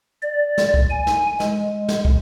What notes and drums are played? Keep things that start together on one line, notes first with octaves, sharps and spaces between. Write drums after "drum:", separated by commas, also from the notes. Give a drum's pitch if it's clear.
D5
drum: snare
drum: kick
G#5
drum: snare
G#3, drum: snare
drum: snare
drum: kick